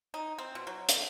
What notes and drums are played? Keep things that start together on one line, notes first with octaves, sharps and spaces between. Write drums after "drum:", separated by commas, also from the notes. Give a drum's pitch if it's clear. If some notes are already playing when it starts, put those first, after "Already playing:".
D#4
C4
B2
F#3
D3, drum: hi-hat